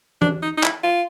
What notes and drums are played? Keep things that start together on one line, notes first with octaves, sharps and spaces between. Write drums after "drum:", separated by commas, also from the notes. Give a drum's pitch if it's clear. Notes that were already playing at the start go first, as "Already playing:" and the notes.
D4, drum: tom E3
D#4
D#4
E4, drum: clap
F4